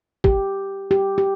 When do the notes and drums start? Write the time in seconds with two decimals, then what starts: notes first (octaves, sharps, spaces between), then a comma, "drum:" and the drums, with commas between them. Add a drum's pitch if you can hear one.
0.24 G4, drum: kick
0.91 G4
1.18 G4